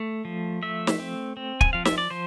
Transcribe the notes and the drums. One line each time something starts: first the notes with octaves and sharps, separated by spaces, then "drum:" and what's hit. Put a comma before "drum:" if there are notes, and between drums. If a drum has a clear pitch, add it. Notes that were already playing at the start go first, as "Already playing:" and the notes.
Already playing: A3
F3
A3 E5
drum: snare
C4
C4
G#5, drum: kick
F3 F5
E5, drum: snare
D5
F3 C5